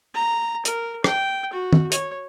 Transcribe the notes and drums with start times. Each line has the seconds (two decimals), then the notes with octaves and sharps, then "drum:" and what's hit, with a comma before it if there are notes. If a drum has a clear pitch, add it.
0.15 A#5
0.65 A#4, drum: hi-hat
1.04 G5, drum: rim click
1.53 F#4
1.73 drum: tom D#3
1.92 C#5, drum: hi-hat